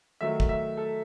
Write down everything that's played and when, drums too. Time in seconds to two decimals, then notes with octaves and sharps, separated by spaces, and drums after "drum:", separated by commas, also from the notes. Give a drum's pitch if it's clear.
0.21 D#3 F#3 A3 E5
0.40 drum: kick
0.49 E5
0.77 A4